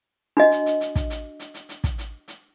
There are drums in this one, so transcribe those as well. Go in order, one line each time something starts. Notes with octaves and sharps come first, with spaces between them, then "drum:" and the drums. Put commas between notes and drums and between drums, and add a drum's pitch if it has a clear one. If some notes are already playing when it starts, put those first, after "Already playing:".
D4 F#4 D#5
drum: hi-hat
drum: hi-hat
drum: hi-hat
drum: kick, hi-hat
drum: hi-hat
drum: hi-hat
drum: hi-hat
drum: hi-hat
drum: kick, hi-hat
drum: hi-hat
drum: hi-hat